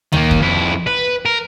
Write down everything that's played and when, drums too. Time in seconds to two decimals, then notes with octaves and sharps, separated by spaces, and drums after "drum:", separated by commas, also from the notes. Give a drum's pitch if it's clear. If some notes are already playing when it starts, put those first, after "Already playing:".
0.12 D#3 A#3, drum: tom D2
0.31 drum: kick F2
0.40 F2 E4
0.87 B4
1.26 A#4